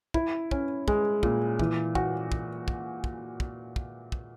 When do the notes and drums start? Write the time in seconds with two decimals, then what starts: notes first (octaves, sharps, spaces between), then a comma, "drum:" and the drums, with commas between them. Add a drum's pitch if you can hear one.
0.14 E4, drum: kick
0.51 C#4, drum: kick
0.88 G#3, drum: kick
1.23 A#2, drum: kick
1.59 E3, drum: kick
1.95 F#4, drum: kick
2.32 drum: kick
2.68 drum: kick
3.04 drum: kick
3.40 drum: kick
3.76 drum: kick
4.12 drum: kick